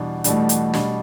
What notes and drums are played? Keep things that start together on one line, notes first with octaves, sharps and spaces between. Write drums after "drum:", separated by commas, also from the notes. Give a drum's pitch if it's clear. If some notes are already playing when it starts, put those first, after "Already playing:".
Already playing: E2 B2 G3 D4
E2 B2 G3 A3 D4, drum: hi-hat
drum: hi-hat
B2 G3 D4, drum: snare